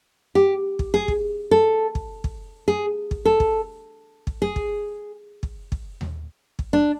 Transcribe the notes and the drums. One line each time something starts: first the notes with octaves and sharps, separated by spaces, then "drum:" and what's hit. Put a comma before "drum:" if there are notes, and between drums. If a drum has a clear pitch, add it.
G4
drum: kick
G#4
drum: kick
A4
drum: kick
drum: kick
G#4
drum: kick
A4
drum: kick
drum: kick
G#4
drum: kick
drum: kick
drum: kick
drum: tom D#2
drum: kick
D4